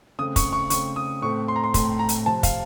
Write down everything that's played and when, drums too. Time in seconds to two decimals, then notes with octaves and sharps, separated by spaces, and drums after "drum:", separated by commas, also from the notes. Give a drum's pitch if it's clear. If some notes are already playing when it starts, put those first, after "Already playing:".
0.19 C#3 A3 C4 D#6
0.36 C#6, drum: kick, hi-hat
0.53 C#6
0.70 C#3 A3 C4 C#6, drum: hi-hat
0.96 D#6
1.22 A2 A3 C4 C#6
1.48 C6
1.56 A#5
1.64 C6
1.74 A2 A3 C4 C6, drum: kick, hi-hat
1.99 A#5
2.09 drum: hi-hat
2.26 C3 F3 C4 A5
2.43 F5, drum: kick, hi-hat